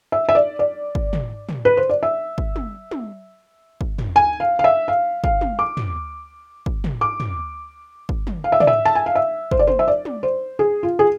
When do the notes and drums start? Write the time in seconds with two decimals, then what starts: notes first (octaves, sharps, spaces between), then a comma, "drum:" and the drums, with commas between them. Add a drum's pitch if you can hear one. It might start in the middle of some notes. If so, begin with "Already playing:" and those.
0.12 E5
0.29 E5
0.35 D5
0.59 D5
0.95 drum: kick
1.13 drum: tom
1.49 drum: tom
1.65 B4
1.77 C5
1.90 D5
2.03 E5
2.38 drum: kick
2.56 drum: tom
2.91 drum: tom
3.81 drum: kick
3.98 drum: tom
4.16 G#5
4.40 F5
4.59 F5
4.64 E5
4.88 F5
5.24 F5, drum: kick
5.41 drum: tom
5.59 D6
5.77 drum: tom
6.66 drum: kick
6.84 drum: tom
7.01 D6
7.20 drum: tom
8.09 drum: kick
8.27 drum: tom
8.44 F5
8.52 E5
8.60 D5, drum: tom
8.67 E5
8.85 A5
8.95 G#5
9.06 F5
9.15 E5
9.51 C5, drum: kick
9.59 D5
9.67 C5, drum: tom
9.79 E5
9.88 D5
10.05 drum: tom
10.23 C5
10.59 G#4
10.83 F4
10.99 G#4